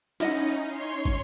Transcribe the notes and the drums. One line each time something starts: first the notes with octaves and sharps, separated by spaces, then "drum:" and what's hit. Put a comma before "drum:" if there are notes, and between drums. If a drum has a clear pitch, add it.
C#4 D#4 E4 D#5 F#5, drum: snare
C#5 C6
drum: kick, hi-hat